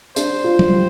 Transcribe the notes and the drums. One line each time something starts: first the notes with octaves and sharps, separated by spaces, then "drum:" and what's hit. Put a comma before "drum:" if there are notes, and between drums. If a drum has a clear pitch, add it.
D4 C5, drum: tambourine
F4
drum: tom
G3